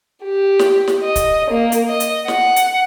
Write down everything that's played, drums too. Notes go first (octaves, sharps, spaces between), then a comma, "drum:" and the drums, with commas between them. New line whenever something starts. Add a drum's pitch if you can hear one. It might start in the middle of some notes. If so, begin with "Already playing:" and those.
G4
drum: snare
drum: snare
D#5
drum: kick, hi-hat
A#3
drum: hi-hat
D#5
drum: hi-hat
F#5, drum: snare
drum: hi-hat